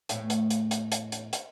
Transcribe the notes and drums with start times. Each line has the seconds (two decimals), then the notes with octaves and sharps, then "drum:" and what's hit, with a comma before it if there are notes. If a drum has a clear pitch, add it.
0.09 E2 A2, drum: hi-hat
0.30 drum: hi-hat
0.50 drum: hi-hat
0.71 drum: hi-hat
0.92 drum: hi-hat
1.12 drum: hi-hat
1.33 drum: hi-hat